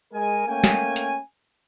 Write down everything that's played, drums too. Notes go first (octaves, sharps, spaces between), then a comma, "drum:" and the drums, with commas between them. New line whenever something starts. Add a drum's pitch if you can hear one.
G#3 A#4 G#5
A3 A#3 C#4 G5 G#5
drum: snare
drum: hi-hat